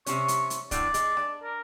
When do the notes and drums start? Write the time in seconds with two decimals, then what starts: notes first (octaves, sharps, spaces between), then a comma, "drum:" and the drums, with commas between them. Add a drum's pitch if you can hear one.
0.06 C3 C#4 C#6, drum: hi-hat
0.28 drum: hi-hat
0.50 drum: hi-hat
0.71 A2 D3 D5, drum: kick, hi-hat
0.94 G#3, drum: hi-hat
1.17 D4, drum: rim click
1.43 A#4